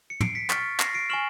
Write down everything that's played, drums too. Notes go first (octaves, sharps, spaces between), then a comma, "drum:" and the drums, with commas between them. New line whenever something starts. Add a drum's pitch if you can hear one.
C#7
C7 D7, drum: tom
B6 C#7
C#6 F6 A6 B6, drum: clap
A#6 C7, drum: clap
C7 D7
G#5 C#6 F6 E7 F#7